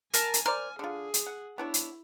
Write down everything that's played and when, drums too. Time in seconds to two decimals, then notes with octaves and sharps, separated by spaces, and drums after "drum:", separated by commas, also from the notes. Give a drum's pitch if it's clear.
0.14 A#4 G#5 A5, drum: hi-hat
0.34 drum: hi-hat
0.46 A#4 C5 D5 F6
0.79 D3 F4 G#4
1.14 drum: hi-hat
1.26 F#5
1.58 B3 D4 E4 C#5
1.74 drum: hi-hat